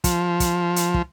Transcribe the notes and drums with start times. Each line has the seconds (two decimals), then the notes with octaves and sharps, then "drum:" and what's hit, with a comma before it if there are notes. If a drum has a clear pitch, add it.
0.04 F3, drum: kick, hi-hat
0.40 drum: kick, hi-hat
0.76 drum: hi-hat
0.94 drum: kick